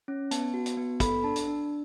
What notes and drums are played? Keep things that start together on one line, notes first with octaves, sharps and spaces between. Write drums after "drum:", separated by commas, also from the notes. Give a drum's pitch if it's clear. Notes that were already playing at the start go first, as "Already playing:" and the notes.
C#4
B3 A5, drum: hi-hat
F#4
drum: hi-hat
B3
A4 B5, drum: kick, hi-hat
D4 A5
drum: hi-hat
D4